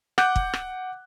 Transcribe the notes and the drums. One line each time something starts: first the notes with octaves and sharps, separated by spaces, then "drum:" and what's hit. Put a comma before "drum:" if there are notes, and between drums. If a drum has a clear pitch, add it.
F#5 D6 F#6 G6, drum: rim click
drum: kick
drum: rim click